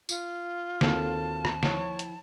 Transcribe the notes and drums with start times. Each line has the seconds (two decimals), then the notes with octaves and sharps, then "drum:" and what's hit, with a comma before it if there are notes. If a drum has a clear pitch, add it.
0.09 F4, drum: tambourine
0.81 D#2 C4 F#4 G#4 A4 A5, drum: snare
1.45 drum: rim click
1.63 F3 E4 C#5 G5, drum: snare
1.99 drum: hi-hat